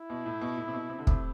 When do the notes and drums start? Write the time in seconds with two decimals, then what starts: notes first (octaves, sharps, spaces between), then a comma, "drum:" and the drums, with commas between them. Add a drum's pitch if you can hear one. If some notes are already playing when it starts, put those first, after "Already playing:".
Already playing: E4
0.10 B2
0.26 A2
0.41 B2
0.57 A2
0.68 C3
0.73 B2
0.89 C3
0.99 D3
1.07 A2 C3, drum: kick